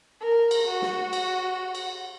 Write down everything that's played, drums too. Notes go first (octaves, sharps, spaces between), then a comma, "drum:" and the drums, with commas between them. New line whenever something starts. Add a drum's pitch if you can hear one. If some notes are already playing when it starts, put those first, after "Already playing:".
A#4
drum: cymbal
F#4
drum: snare
drum: cymbal
drum: cymbal